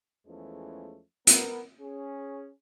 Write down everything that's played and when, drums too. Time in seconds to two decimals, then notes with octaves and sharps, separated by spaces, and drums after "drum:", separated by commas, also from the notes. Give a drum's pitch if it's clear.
0.27 E2 E3 F3 G#3 A3 C#4
1.27 B3 A#4, drum: hi-hat
1.79 C#4 G#4